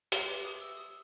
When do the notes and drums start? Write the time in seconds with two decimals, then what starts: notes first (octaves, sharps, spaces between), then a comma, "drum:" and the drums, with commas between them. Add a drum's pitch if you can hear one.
0.12 G4 B4 E5, drum: hi-hat
0.28 D6
0.45 D#6
0.61 E6
0.77 D#6